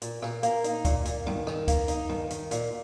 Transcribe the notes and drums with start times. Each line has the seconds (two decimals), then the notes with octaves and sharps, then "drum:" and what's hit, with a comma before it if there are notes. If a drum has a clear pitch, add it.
0.02 A#2, drum: hi-hat
0.22 A#2, drum: rim click
0.43 A#3, drum: hi-hat
0.64 D#4, drum: hi-hat
0.85 A#2, drum: kick C#2, hi-hat
1.05 A#2, drum: hi-hat
1.26 D#3, drum: tom G2
1.47 D#3, drum: rim click
1.68 A#3, drum: kick C#2, hi-hat
1.88 D#4, drum: hi-hat
2.09 D#3, drum: tom G2
2.30 D#3, drum: hi-hat
2.51 A#2, drum: hi-hat